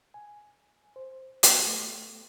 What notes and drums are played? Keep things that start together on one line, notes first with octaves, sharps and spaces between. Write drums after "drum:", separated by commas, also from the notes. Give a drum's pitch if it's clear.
G#5
C5
B3, drum: hi-hat
A3